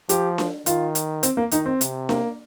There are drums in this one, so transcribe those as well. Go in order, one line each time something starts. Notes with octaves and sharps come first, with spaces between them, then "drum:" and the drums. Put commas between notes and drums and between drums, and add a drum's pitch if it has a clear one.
F3 G4, drum: hi-hat
drum: snare D4
D#3 F4, drum: hi-hat
drum: hi-hat
C4, drum: hi-hat
A#3
D#3 D#4, drum: hi-hat
C4
C3, drum: hi-hat
A#3, drum: snare D4